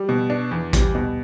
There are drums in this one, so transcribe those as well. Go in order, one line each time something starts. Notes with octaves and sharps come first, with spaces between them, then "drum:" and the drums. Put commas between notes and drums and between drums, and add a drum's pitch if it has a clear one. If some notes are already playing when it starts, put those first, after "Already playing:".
Already playing: G3
B2
D4
E2
G3, drum: kick A1, hi-hat
B2